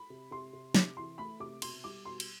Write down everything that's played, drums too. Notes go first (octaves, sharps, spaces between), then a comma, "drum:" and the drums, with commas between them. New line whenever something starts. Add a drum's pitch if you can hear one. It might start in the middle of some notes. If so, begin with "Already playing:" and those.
Already playing: B5
C3
C3 C6
C3
C3 D6, drum: snare
E3 C6
A3 B5
C3 D6
B2 C6, drum: cymbal
G3 D6
B2 C6
drum: cymbal